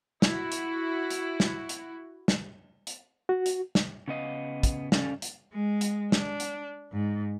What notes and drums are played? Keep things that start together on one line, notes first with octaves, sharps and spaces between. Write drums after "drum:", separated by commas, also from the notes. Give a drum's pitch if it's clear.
E4 F#4, drum: snare
drum: hi-hat
drum: hi-hat
drum: snare
drum: hi-hat
drum: snare
drum: hi-hat
F#4
drum: hi-hat
drum: snare
C#3 B3 D#5 F5
drum: kick, hi-hat
C#3 G3 C#4 A4 D5 F5, drum: snare
drum: hi-hat
G#3
drum: hi-hat
D4, drum: snare
drum: hi-hat
G#2